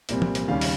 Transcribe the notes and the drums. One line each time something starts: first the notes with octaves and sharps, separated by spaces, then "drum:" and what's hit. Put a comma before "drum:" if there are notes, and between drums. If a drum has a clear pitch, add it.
C2 A#2 G3 C4, drum: hi-hat
drum: tom
drum: hi-hat
D#2 C#3 G3 C#4 F5
drum: open hi-hat